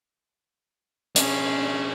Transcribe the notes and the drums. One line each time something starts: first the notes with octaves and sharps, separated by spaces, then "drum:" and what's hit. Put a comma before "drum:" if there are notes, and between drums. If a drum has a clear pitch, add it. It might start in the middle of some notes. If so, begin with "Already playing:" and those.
C#4 D4 G#4, drum: hi-hat